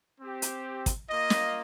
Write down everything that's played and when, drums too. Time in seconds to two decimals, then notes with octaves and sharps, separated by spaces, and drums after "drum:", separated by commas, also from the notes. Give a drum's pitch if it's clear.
0.20 C4 G4
0.42 drum: hi-hat
0.86 drum: kick, hi-hat
1.08 A#3 F4 D#5
1.30 drum: snare